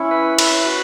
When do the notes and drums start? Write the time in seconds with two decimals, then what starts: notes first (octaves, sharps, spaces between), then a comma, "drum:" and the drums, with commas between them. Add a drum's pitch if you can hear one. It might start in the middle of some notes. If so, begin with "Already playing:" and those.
Already playing: C#4 E4
0.11 B4
0.39 B4, drum: cymbal
0.64 F#4